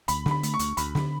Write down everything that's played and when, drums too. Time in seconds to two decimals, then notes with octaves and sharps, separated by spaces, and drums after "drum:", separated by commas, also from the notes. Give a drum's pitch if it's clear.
0.08 D2 B5, drum: hi-hat
0.26 D3, drum: snare
0.31 B5
0.43 A3, drum: hi-hat
0.54 C#6
0.59 D2, drum: hi-hat
0.77 D2 B5, drum: hi-hat
0.95 D3, drum: snare